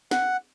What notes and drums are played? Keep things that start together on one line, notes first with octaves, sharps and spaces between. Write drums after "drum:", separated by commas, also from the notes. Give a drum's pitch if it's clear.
F#5, drum: snare